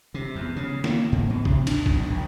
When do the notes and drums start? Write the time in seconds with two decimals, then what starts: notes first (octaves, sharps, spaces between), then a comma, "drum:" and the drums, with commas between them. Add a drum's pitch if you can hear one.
0.14 C3
0.36 E2
0.56 C#3
0.84 A#3, drum: snare
1.12 G#2
1.30 B2
1.45 C3, drum: kick A#1
1.67 D4, drum: cymbal
1.86 B1, drum: kick A#1
2.10 A#1